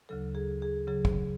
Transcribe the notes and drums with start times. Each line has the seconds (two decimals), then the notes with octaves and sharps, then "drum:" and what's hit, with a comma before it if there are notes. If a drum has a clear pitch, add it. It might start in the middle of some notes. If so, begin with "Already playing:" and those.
0.09 D2 C#3 F#3 A4
0.35 G#4
0.62 G#4
0.88 C#3 F#3 G#4
1.05 drum: kick